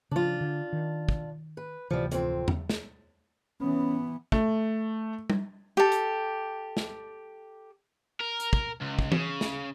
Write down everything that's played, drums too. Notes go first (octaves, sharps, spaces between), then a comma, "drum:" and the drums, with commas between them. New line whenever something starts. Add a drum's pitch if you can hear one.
C#3 F3 D4 F4
D3
D#3
drum: kick
B4
D1 C3 E3 F3 G3
F2 C4, drum: hi-hat
drum: tom E2
drum: snare
E3 B3 C#4
A3, drum: kick
drum: tom G3
G4 A4
drum: hi-hat
drum: snare
A#4
drum: hi-hat
drum: kick
C#2
drum: kick
C#3, drum: tom
drum: snare